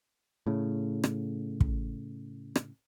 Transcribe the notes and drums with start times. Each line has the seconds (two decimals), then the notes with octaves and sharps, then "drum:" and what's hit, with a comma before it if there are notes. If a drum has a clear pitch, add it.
0.47 A2 C#3
1.04 drum: rim click
1.61 drum: kick
2.56 drum: rim click